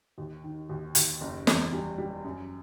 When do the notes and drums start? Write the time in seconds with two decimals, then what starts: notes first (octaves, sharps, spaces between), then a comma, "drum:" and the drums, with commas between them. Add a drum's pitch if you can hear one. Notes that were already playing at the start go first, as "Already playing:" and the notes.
0.18 D#2
0.44 D#3
0.69 D#2
0.95 D#2, drum: hi-hat
1.21 F#1
1.47 E2, drum: snare
1.73 G3
1.98 G3
2.24 F#2